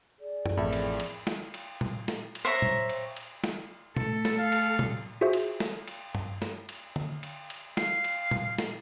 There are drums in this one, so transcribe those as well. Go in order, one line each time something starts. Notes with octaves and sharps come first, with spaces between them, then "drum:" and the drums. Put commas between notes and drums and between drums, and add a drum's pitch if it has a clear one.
G#4 D5
drum: tom F#2
A1 F2 A#2 E4 E5
drum: cymbal
drum: cymbal
drum: snare
drum: cymbal
drum: tom A#2
drum: snare
drum: cymbal
C5 C#5 E5 A#5
drum: tom A#2
drum: cymbal
drum: cymbal
drum: snare
A3 A4, drum: tom A#2
drum: snare
F5
drum: cymbal
drum: tom A#2
F4 F#4 G#4 C5 E5
drum: cymbal
drum: snare
drum: cymbal
drum: tom G2
drum: snare
drum: cymbal
drum: tom D3
drum: cymbal
drum: cymbal
F5, drum: snare
drum: cymbal
drum: tom A#2
drum: snare